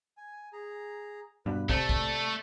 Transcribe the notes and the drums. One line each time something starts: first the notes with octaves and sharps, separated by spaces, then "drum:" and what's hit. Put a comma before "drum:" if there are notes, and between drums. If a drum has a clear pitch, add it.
G#5
G#4 A#5
G2 B2 B4
C3 A3 A4 D5, drum: kick
drum: kick